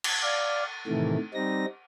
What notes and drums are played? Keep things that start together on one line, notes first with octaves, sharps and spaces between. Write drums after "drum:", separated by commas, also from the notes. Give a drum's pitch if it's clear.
drum: cymbal
D5 F5
A2 C3 D#3 E3 A3
G3 C4 D#4 A#6